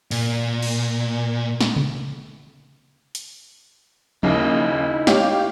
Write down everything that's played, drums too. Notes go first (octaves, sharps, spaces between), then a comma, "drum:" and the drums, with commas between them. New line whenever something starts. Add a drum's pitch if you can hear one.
A#2, drum: open hi-hat
drum: cymbal
drum: snare
drum: tom C3
drum: hi-hat
D#2 C#3 A#3 D#4 E4, drum: tom F3
G4 C#5 F5, drum: snare